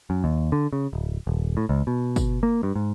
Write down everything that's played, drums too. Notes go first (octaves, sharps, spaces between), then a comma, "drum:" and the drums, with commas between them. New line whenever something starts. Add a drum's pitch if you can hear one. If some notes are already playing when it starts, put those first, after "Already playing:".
F#2
D#2
D3
C#3
D1
D#1
A2
C#2
B2
drum: kick, tambourine
A#3
G2
G#2